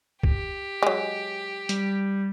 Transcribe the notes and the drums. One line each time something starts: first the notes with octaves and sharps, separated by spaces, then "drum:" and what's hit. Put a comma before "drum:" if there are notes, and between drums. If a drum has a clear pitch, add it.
G4, drum: kick C2
F#3 G#3
G3, drum: hi-hat